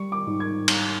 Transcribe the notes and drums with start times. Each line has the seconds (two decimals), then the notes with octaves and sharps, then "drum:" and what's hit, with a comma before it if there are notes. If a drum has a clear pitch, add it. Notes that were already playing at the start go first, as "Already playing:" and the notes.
Already playing: G3 C#6
0.12 D6
0.27 G#2
0.40 G#6
0.68 G3, drum: cymbal